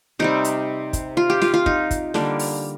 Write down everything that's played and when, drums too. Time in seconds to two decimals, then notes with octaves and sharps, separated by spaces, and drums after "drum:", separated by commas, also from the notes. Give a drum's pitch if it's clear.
0.19 C3 G3 C4 D#4
0.44 drum: hi-hat
0.93 drum: kick, hi-hat
1.17 F4
1.30 G4
1.42 F4, drum: snare
1.54 F4
1.66 D#4, drum: kick
1.91 drum: kick, hi-hat
2.14 D3 G3 A#3 D4, drum: snare
2.39 drum: open hi-hat